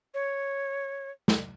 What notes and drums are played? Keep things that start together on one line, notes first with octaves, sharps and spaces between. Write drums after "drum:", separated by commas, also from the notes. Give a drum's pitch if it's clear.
C#5
drum: snare